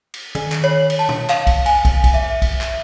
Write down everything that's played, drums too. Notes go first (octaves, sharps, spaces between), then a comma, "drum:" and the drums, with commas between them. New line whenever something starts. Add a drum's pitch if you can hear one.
drum: cymbal
D#3, drum: cymbal
drum: clap
C#5
drum: cymbal
A5
drum: tom
F5, drum: clap
drum: kick, cymbal
G#5, drum: cymbal
drum: kick, cymbal
drum: kick, cymbal
E5
drum: kick, cymbal
drum: clap